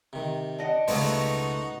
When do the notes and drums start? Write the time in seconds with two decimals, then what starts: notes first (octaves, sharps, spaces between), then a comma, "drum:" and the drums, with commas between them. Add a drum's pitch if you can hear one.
0.13 C3 D#3
0.58 D4 D#5 F#5
0.88 C#2 B2 G3 A3 B3 D#4 F#4 C5, drum: open hi-hat